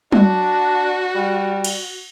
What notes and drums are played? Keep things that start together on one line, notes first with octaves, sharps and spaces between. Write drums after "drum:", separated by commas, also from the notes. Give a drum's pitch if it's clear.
D4 F#4, drum: tom F#3
G3
drum: cymbal